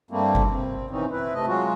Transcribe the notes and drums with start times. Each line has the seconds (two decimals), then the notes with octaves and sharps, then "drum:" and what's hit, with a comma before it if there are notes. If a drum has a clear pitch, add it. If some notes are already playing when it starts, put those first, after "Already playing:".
0.11 G2 G3 A3 A#3 C4
0.35 drum: kick G1
0.52 C4
0.91 B2 D#3 E3 C4 C#4 D#4
1.11 C4 E4 B4
1.34 C3 A3 D#5
1.47 F#3 G#3 F4 F#4